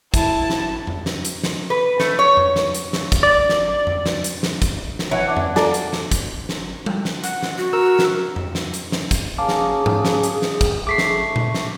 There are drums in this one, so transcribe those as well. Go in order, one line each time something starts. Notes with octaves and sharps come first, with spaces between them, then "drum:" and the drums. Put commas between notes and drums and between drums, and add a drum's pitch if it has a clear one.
E4 A5, drum: kick, hi-hat
drum: snare
drum: tom F2
drum: snare
drum: hi-hat
drum: snare
B4
A3, drum: snare
C#5
drum: tom F2
drum: snare
drum: hi-hat
drum: snare
drum: kick, hi-hat
D5
drum: snare
drum: tom F2
drum: snare
drum: hi-hat
drum: snare
drum: kick, hi-hat
drum: snare
E3 C#5 F#5
D4 F#5
drum: tom F2
A#3 A4 D5, drum: snare
drum: hi-hat
drum: snare
drum: kick, hi-hat
drum: snare
drum: tom G3
drum: snare
F#5, drum: hi-hat
drum: snare
F#4
A#4 E6
drum: snare
drum: tom F2
drum: snare
drum: hi-hat
drum: snare
drum: kick, hi-hat
A#3 C#4 G#4 F5 A5 D6
drum: snare
drum: tom G#2
drum: snare
drum: hi-hat
drum: snare
drum: kick, hi-hat
A3 C#6 D6 B6 C7
drum: snare
drum: tom A#2
drum: snare